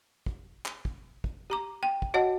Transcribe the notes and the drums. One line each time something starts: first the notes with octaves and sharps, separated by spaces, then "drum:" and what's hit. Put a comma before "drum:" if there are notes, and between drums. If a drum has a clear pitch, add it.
drum: kick
drum: clap
drum: kick
drum: kick
G4 A#5 D6
G5
drum: kick
F#4 C#5 D#5 F#5 A5